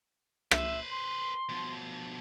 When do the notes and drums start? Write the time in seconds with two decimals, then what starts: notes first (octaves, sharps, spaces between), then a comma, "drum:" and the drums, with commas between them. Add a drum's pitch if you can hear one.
0.51 B4 C5 E5, drum: rim click
0.91 C6
1.49 B2 F3